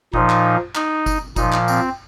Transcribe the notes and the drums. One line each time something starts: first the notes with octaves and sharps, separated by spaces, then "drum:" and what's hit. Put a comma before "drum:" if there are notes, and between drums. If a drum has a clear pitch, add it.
A#2 F3 D#4, drum: kick F#1
drum: clap
D#4, drum: clap
drum: kick F#1, tambourine
A#2 F3 D#4, drum: kick F#1, tambourine
drum: clap
C4, drum: tambourine